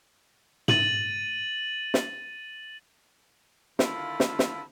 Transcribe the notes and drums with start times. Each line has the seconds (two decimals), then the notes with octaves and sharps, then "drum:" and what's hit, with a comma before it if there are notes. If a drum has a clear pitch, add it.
0.68 A6 D#7 F#7, drum: tom
1.94 drum: snare
3.79 D3 D#3 E4 F4, drum: snare
4.20 drum: snare
4.39 drum: snare